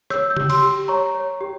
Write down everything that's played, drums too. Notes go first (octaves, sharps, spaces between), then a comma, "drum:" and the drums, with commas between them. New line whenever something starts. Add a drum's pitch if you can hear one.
C#5 E6 G6, drum: rim click
E6 G6
G4, drum: tom C#3
C6 E6, drum: cymbal
G4
C#5 A#5 C#6
C#5
G4